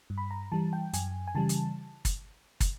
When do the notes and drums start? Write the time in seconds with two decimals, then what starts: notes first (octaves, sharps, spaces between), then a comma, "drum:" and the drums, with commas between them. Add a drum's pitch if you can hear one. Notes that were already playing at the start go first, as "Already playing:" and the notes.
0.10 G2
0.18 B5
0.31 A#5
0.52 E3 G3 A5
0.73 G5
0.93 F#2 G#5, drum: hi-hat
1.27 G#5
1.35 C#3 E3 G3 A5
1.49 drum: hi-hat
2.05 drum: kick, hi-hat
2.60 drum: kick, hi-hat